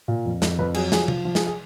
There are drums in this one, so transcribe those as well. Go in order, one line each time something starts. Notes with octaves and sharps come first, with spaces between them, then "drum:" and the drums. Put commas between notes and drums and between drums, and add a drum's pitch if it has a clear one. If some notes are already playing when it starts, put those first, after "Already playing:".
A#2
F2
F2, drum: snare
F2 B4
F#3 G#4, drum: cymbal
F3 G#4, drum: snare
F3, drum: tom C3
F3
G#4, drum: snare
G#4